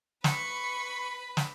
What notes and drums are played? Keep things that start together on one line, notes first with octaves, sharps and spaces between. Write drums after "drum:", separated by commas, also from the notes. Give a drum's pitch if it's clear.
B4 B5 C#6, drum: snare
drum: snare